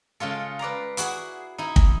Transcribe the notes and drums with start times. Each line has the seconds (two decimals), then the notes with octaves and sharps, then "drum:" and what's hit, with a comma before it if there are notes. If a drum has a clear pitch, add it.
0.20 C#3 G#3 F4 A4
0.59 B4 D5 F5 A#5
0.97 E4 F#4 G#4, drum: hi-hat
1.58 D#4 E4
1.76 drum: kick